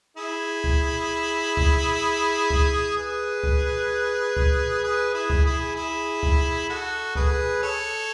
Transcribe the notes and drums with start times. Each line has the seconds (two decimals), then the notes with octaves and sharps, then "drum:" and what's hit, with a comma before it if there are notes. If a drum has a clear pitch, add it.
0.17 E4 G#4
0.64 drum: kick C#2
1.57 drum: kick C#2
2.50 drum: kick C#2
2.96 G#4 B4
3.43 drum: kick C#2
4.37 drum: kick C#2
4.83 G#4 B4
5.14 E4 G#4
5.30 drum: kick C#2
5.45 E4 G#4
5.76 E4 G#4
6.23 drum: kick C#2
6.69 F#4 A4
7.15 G#4 B4, drum: kick C#2
7.62 A4 C#5